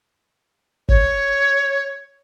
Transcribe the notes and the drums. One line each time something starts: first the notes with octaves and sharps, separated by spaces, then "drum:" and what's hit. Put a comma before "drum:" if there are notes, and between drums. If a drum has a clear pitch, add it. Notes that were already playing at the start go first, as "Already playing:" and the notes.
C#5, drum: kick